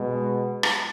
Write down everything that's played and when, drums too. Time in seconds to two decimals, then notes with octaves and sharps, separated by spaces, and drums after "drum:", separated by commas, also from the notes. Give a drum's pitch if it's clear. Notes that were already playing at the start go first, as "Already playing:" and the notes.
Already playing: B2 G#3
0.63 drum: rim click